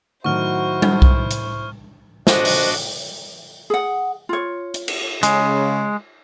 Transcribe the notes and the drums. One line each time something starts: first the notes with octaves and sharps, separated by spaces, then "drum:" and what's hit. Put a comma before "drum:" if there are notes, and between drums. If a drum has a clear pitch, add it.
A2 D#3 F#3 E4 F#4 C5 C#6 F6
drum: tom G3
drum: kick B1
drum: hi-hat
D4 F#4 C5 D#5, drum: snare
drum: open hi-hat
G#4 F#5
F4 C#5
drum: hi-hat
drum: cymbal
C#3 G#3, drum: hi-hat